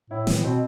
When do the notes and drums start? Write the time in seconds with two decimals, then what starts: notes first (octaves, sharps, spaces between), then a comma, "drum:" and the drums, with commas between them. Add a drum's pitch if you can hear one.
0.10 A2 E4
0.27 A2 B3, drum: snare
0.43 B2 C4